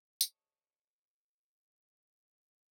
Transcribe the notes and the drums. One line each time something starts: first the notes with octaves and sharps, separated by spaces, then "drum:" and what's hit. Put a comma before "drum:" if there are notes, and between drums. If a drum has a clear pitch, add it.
G#2 C#5 D#5 A5, drum: tambourine